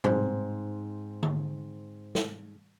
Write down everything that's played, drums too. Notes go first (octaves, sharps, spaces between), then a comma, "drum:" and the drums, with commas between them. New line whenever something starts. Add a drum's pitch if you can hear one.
G#2 C4, drum: tom
drum: tom D3
drum: snare